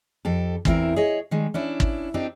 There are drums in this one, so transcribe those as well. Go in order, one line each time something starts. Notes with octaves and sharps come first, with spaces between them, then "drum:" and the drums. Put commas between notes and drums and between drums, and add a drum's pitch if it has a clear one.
F2 G4 A4
E2 C4 E4 A#4, drum: kick
G#4 C#5 D#5
D#3 G3 G#3
C#4 D4 E4
drum: kick
C4 D4 D#4 G4